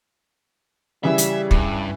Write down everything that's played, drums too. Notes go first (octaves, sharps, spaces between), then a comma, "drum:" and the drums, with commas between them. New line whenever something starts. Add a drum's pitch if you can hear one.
C#3 E3 G3 E4 E5
drum: hi-hat
G2, drum: kick